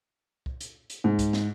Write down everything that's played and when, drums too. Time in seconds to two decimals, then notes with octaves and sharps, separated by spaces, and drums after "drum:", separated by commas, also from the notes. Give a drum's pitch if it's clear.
0.46 drum: kick C2
0.61 drum: hi-hat
0.90 drum: hi-hat
1.04 G#2
1.19 drum: kick C2, hi-hat
1.33 drum: snare